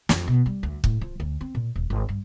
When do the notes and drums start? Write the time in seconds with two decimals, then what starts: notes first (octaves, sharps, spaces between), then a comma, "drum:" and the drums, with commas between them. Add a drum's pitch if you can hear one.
0.09 F2, drum: snare
0.28 B2
0.46 G3
0.63 D2
0.84 A2, drum: kick
1.01 F3
1.20 D2
1.41 C4
1.55 A#2
1.76 D#1
1.90 G#1
2.09 G2